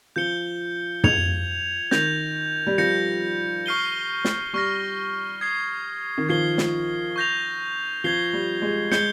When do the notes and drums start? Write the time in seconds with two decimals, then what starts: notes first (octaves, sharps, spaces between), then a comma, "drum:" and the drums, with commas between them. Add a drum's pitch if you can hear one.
0.16 F3 G6 C#7 G7
1.04 G#6 C#7 F7, drum: tom
1.91 D#3 G6 A#6 F7, drum: snare
2.67 G3
2.78 F3 G6 A#6 C#7
3.66 C#6 F6 C7 D#7 G7
4.25 drum: snare
4.53 G3 C#6 F6 A#6
5.41 D#6 G#6 C7
6.18 D#3
6.29 F3 G#6 C7 G7
6.58 drum: snare
7.16 C#6 G6 A#6 F7
8.04 F3 G#6 C7 G7
8.33 G3
8.62 G#3
8.92 G#3 G6 C#7 G7, drum: snare